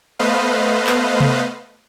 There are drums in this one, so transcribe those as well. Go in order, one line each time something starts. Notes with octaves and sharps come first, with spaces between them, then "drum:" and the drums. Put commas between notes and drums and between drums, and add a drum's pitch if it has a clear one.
A3 B3 B4 C5 D#5 F5
drum: clap
drum: tom C3